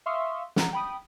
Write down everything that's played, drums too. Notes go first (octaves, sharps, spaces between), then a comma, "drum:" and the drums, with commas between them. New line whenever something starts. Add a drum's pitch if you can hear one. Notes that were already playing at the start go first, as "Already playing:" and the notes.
E5 F5 C6 C#6 D#6 E6
F#5 A#5, drum: snare
G5 B5 D#6